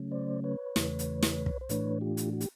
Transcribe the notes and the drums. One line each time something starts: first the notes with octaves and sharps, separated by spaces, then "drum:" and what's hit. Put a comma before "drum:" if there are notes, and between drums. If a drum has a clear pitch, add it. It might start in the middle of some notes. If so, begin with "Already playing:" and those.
Already playing: C#3 F#3 A3 C#4
C5 D5
B4 C#5
E2 C#3 E3 A3, drum: snare
drum: hi-hat
drum: snare
drum: kick
C5
A2 E3 A3 D4 B4 C#5, drum: hi-hat
F4 G4
drum: hi-hat
F#4
G4, drum: hi-hat